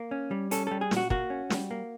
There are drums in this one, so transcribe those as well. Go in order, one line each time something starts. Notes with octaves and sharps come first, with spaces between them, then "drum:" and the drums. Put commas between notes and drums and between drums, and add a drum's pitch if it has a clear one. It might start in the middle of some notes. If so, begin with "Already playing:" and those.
Already playing: A#3
C#4
G3
C#4 A4, drum: hi-hat
G3 A4
G#4
A#2, drum: snare
F#4
A#3 F#4, drum: kick
C#4
G3, drum: snare
A#3